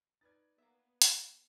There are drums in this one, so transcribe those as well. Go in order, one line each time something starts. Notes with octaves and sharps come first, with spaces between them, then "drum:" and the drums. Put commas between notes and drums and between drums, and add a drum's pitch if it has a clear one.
D#4 B4 D5 G#6 A6
A#3 B3 E5
drum: hi-hat